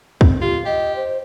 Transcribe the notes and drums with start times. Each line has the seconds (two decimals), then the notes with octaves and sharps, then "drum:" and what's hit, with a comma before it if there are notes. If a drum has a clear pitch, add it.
0.21 C4, drum: kick
0.41 F4 G4
0.65 G4 D#5
0.96 C5